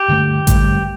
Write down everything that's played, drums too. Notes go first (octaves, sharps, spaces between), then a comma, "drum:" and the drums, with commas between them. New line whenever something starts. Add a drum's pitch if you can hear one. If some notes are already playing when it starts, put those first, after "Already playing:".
Already playing: G4
G2 D3 A3
G2 D3 A3, drum: kick A1, hi-hat